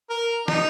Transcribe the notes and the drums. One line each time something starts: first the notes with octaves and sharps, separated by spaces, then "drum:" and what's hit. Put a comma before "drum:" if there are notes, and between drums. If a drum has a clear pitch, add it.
A#4
D#4, drum: snare